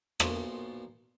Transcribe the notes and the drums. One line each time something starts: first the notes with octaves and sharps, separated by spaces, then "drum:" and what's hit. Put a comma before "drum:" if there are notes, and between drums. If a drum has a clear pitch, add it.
B1 F#2 A#2 F3 C6 D#6, drum: rim click